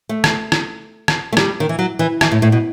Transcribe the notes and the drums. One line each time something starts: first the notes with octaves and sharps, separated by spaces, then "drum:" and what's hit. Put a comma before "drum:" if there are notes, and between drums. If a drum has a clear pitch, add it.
A3
drum: rim click
drum: rim click
drum: rim click
A3
G3, drum: rim click
D#3
E3
F#3
E3
E3, drum: rim click
A2
A2
B2